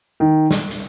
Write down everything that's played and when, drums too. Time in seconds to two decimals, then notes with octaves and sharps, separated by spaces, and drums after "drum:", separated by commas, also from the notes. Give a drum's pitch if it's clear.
0.20 D#3
0.51 drum: snare
0.71 drum: hi-hat